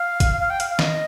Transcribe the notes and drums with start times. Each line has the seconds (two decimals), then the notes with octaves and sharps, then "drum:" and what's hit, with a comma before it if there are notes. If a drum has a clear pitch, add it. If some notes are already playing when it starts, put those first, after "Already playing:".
Already playing: F5
0.20 drum: kick G#1, hi-hat
0.40 F5
0.50 G5
0.60 F5, drum: hi-hat
0.70 F5
0.79 D#5, drum: snare